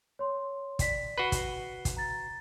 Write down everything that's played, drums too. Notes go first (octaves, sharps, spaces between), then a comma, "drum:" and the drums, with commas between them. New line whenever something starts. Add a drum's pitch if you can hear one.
C#5 C6
D5 B6, drum: kick, hi-hat
F#4 B4 C7 G7
drum: kick, hi-hat
drum: kick, hi-hat
A#5 A6